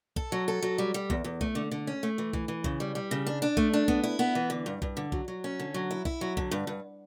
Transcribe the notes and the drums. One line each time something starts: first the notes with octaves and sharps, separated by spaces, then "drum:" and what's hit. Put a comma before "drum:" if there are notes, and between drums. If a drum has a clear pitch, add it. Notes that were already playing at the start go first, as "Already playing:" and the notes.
A4, drum: kick B1
F#3
A4
F#3
G3
G3
E2, drum: kick B1
E2
A3, drum: kick B1
D3
D3
C#4
A3
E3
E3, drum: kick B1
E3
C#3, drum: kick B1
G3
G3
C#3
D4
D4
A3, drum: kick B1
D4
B3, drum: kick B1
E4
B3
E3
D3
G2
G2, drum: kick B1
D3
F#3, drum: kick B1
F#3
C#4
D3
F#3
E4
E4, drum: kick B1
F#3
D3, drum: kick B1
G2
G2